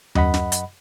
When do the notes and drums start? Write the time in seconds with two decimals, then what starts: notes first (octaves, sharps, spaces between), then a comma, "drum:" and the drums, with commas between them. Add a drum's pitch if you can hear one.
0.15 F#2 D#5 F#5 B5, drum: tom D#2
0.34 drum: snare
0.52 drum: hi-hat